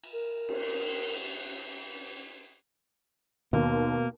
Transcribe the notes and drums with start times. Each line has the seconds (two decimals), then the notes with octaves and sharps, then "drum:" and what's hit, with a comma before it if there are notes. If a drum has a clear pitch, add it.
0.04 drum: cymbal
0.13 A#4
0.49 drum: cymbal
1.11 drum: cymbal
3.53 D#2 B2 A#3